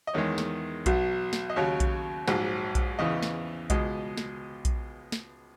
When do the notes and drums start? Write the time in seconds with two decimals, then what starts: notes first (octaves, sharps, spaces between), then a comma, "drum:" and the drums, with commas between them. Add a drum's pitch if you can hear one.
0.07 D#5
0.14 E2 D#3 G#3 C#5
0.38 drum: snare
0.86 B1 B2 F#3, drum: kick A#1, hi-hat
1.33 drum: snare
1.50 D#5
1.56 D#2 C#3 F#3 C#5
1.80 drum: kick A#1, hi-hat
2.28 A#1 G#2 F#3, drum: snare
2.75 drum: kick A#1, hi-hat
2.99 E2 C#3 E3 D#5
3.23 drum: snare
3.70 C#2 B2 G#3 D#5, drum: kick A#1, hi-hat
4.17 drum: snare
4.65 drum: kick A#1, hi-hat
5.12 drum: snare